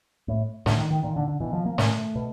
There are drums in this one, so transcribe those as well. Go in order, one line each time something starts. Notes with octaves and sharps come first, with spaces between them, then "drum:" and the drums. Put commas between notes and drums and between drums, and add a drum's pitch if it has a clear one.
A2
A2 D3, drum: snare
D#3
D#3
A#2 D#3
D3
D3
B2 E3
F3
A#3
A#2 A3, drum: snare
B2